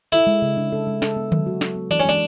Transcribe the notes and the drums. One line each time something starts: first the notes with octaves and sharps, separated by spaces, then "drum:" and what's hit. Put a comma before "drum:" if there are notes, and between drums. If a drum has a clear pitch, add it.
E4 A4, drum: tambourine
G#3
C#3
D4
A4
G#3
A4, drum: snare
B3
F#3, drum: tom D3
F#4
A4, drum: snare
B3
E3 D4
C#4
G#3 D4